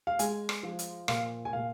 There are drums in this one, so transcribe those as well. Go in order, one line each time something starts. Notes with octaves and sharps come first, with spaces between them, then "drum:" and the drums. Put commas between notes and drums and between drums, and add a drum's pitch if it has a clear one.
F5
G#3 G#5, drum: hi-hat
drum: rim click
F3
drum: hi-hat
A#2 F5, drum: rim click
G#5
A#2 F5